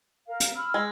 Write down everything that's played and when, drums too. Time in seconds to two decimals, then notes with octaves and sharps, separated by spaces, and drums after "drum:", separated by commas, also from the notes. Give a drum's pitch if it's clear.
0.27 A#4 F5
0.40 drum: hi-hat
0.55 B5 E6 F6
0.74 G#3